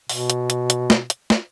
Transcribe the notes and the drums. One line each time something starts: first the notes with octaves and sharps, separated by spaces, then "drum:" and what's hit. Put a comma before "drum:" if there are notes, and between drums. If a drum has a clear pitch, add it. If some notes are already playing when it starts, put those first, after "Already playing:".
B2, drum: open hi-hat
drum: hi-hat
drum: hi-hat
drum: hi-hat
drum: snare
drum: hi-hat
drum: snare